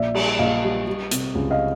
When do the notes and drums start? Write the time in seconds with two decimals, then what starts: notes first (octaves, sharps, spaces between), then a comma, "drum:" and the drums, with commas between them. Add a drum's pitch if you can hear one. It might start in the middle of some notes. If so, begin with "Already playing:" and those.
Already playing: A#1 D5 E5
0.14 G3, drum: cymbal
0.39 A#1 D#5 F5
0.63 G3
0.87 G3
1.11 C3, drum: hi-hat
1.35 C#2
1.51 D#5 F5